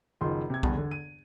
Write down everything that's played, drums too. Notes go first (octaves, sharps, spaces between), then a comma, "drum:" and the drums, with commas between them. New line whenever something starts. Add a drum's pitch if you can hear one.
F#1 D#3 F3 C6
C3 G#6
G1 E2 G2, drum: kick B1
D3
D#7